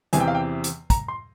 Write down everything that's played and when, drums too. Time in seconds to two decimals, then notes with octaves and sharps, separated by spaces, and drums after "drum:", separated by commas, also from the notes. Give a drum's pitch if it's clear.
0.13 E2 C3 E3 G#5, drum: hi-hat
0.20 G5
0.28 F5
0.35 G5
0.64 drum: hi-hat
0.90 A#5, drum: kick, hi-hat
1.08 C6